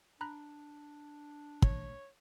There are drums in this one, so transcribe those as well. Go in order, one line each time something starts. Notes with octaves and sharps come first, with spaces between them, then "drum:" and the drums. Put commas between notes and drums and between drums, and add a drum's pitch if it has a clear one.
D4 A#5 B5 F#6
C#5, drum: kick